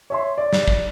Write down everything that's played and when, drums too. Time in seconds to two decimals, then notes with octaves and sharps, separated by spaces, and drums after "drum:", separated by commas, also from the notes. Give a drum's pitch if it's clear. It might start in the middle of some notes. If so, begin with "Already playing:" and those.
0.10 C#5 E5 C6
0.38 D5
0.53 drum: snare
0.68 drum: kick